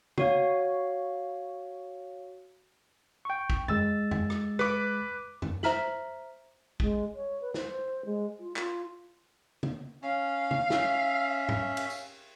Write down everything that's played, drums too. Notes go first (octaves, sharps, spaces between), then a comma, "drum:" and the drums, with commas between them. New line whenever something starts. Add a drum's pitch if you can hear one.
F#4 C#5 F5, drum: tom
G5 C#6
drum: kick
G#3 E6 A6, drum: tom F#2
drum: tom F#2
drum: rim click
B4 D6, drum: rim click
drum: tom F#2
C5 E5 A#5 F6 B6 F#7, drum: snare
G#3, drum: kick
C#5
B4
C5, drum: snare
G#3
F4
F4, drum: clap
drum: tom
C#4 F5
drum: tom
C#4 E5, drum: snare
drum: tom
drum: cymbal
drum: tambourine